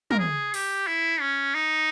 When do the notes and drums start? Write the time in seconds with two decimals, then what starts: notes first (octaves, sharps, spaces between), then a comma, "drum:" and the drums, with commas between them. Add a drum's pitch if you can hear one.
0.11 A#4, drum: tom
0.20 G#4
0.54 G4, drum: open hi-hat
0.87 E4
1.21 C#4
1.55 D#4